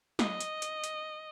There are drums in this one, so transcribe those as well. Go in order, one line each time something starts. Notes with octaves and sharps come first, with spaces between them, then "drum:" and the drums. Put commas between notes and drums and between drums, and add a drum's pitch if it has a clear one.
D#5, drum: snare
drum: hi-hat
drum: hi-hat
drum: hi-hat